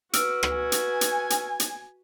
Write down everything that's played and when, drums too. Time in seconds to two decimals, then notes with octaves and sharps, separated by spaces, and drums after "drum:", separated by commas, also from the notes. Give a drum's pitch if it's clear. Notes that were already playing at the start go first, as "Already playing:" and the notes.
0.13 F#4 B4 E6 F6 D7, drum: hi-hat
0.43 drum: rim click
0.56 G#5
0.72 drum: hi-hat
1.01 drum: hi-hat
1.30 drum: hi-hat
1.60 drum: hi-hat